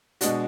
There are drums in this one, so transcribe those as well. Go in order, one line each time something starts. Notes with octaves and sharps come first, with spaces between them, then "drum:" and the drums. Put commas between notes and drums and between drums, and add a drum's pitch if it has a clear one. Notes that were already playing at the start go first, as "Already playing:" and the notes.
B2 G#3 D4 F#4, drum: hi-hat